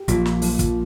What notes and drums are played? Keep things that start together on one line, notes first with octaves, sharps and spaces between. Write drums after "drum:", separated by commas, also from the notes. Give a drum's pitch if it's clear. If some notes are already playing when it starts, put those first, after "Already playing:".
Already playing: G4
A#1 A#2 F3, drum: hi-hat
drum: snare
F3, drum: open hi-hat
drum: kick, hi-hat